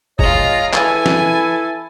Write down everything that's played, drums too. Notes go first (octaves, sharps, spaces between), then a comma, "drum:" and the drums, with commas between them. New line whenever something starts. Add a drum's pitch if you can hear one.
G#3 F4 C#5 D#5 A#5, drum: kick
E3 E4 A4 G#5, drum: clap
drum: snare